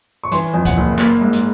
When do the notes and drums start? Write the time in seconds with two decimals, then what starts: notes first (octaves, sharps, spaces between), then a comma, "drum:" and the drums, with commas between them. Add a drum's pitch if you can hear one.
0.24 C#6
0.31 E3 C6, drum: hi-hat
0.54 F2
0.65 F#5, drum: kick C#2, hi-hat
0.77 F#1
0.99 A#3, drum: clap
1.21 G#2
1.33 drum: hi-hat